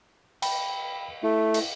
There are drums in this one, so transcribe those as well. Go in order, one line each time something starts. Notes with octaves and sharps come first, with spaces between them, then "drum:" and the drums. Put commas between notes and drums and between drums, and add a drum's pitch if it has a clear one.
G5 B5, drum: cymbal
A3 E4
drum: cymbal